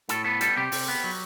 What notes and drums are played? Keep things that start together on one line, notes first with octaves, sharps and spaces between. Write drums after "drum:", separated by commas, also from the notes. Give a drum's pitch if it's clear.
A2 A4, drum: hi-hat
B3 A4
G3 A4, drum: hi-hat
C3 G4
C3, drum: open hi-hat
B3
F#3